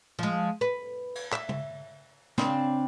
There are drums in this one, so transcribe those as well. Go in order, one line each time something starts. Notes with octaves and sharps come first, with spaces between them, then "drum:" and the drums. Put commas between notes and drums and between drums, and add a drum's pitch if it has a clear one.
F3 G#3
B4
drum: cymbal
E5, drum: clap
drum: tom
C#3 C4 D4, drum: snare